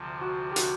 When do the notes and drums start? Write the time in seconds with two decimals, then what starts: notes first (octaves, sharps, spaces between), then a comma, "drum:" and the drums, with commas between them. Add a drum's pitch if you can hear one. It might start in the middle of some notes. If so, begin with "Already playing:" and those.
Already playing: D2 C3 F3
0.21 F#4
0.51 G4
0.56 F#4, drum: hi-hat